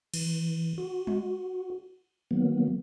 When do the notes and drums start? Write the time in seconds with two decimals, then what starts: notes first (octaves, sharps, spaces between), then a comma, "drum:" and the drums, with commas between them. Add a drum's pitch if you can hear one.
0.14 E3, drum: cymbal
0.78 F#4
1.07 drum: tom G3
2.31 D#3 F#3 A#3 B3